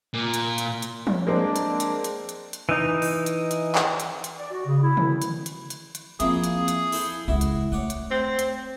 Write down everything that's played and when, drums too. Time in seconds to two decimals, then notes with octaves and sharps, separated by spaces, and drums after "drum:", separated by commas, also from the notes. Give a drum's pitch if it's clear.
0.14 A#2
0.34 drum: hi-hat
0.58 drum: hi-hat
0.82 drum: hi-hat
1.07 drum: tom F3
1.27 G#3 A#3 C4 D4
1.56 drum: hi-hat
1.80 drum: hi-hat
2.04 drum: hi-hat
2.29 drum: hi-hat
2.53 drum: hi-hat
2.69 E3 D#4
3.02 drum: open hi-hat
3.26 drum: hi-hat
3.51 drum: hi-hat
3.75 drum: clap
4.00 drum: hi-hat
4.24 drum: hi-hat
4.39 D5
4.52 F#4
4.66 C#3
4.83 E4
4.97 drum: tom D3
5.22 drum: hi-hat
5.46 drum: hi-hat
5.70 drum: hi-hat
5.95 drum: hi-hat
6.20 F3 A#3 C4 E4 G#4, drum: hi-hat
6.44 drum: hi-hat
6.68 drum: hi-hat
6.92 E4 A4 C5, drum: open hi-hat
7.28 C#2 C#4 E4 F#4
7.41 drum: hi-hat
7.72 A3 C#5 D5 F#5
7.90 drum: hi-hat
8.11 C4
8.39 drum: hi-hat